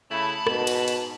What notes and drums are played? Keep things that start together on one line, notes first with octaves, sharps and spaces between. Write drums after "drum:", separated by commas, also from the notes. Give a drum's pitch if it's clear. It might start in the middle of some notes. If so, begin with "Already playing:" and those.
C#3 A3 E4 A5 B5
G#2 B2, drum: rim click
drum: cymbal
drum: cymbal